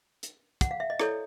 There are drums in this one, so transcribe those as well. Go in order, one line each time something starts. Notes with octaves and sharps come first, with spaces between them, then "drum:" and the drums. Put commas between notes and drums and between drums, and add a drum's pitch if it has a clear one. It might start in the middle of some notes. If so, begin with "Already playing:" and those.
drum: hi-hat
F#5, drum: kick, hi-hat
F5
E5
D#5
E4 A4 C#5 D5, drum: rim click